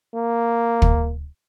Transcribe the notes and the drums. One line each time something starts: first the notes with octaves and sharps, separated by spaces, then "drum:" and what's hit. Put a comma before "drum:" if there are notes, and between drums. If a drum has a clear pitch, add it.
A#3
drum: kick